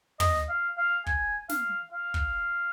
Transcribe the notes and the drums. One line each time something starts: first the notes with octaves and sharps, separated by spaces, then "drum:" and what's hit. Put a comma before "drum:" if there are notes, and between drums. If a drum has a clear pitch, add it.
D#5, drum: tom
F5
F5
G#5, drum: kick
F5, drum: snare
F5
drum: kick